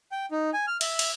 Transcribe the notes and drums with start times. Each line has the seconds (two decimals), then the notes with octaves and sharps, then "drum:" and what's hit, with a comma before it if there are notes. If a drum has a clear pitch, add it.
0.12 G5
0.31 D#4
0.54 G#5
0.67 F6
0.81 E5, drum: cymbal
0.99 drum: cymbal